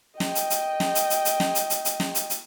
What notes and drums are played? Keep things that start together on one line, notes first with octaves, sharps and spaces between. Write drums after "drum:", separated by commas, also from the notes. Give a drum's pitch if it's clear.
D#5 G5, drum: snare
drum: hi-hat
drum: hi-hat
drum: snare
drum: hi-hat
drum: hi-hat
drum: hi-hat
drum: snare
drum: hi-hat
drum: hi-hat
drum: hi-hat
drum: snare
drum: hi-hat
drum: hi-hat